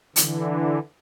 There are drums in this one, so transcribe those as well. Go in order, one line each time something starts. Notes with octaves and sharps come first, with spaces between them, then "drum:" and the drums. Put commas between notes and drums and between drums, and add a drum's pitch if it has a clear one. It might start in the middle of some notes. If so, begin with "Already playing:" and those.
D3 E3, drum: hi-hat